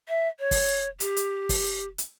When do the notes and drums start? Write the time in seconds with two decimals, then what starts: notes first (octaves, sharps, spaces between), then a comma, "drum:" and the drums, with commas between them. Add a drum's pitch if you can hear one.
0.08 E5
0.39 C#5
0.51 drum: kick, open hi-hat
1.00 G4, drum: hi-hat
1.17 drum: hi-hat
1.49 drum: kick, open hi-hat
1.98 drum: hi-hat